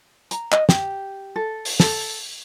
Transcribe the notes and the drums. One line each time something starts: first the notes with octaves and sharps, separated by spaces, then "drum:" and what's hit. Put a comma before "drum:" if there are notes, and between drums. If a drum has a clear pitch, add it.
A#5, drum: hi-hat
D#5, drum: clap
G4, drum: snare
A4
drum: open hi-hat
A4, drum: snare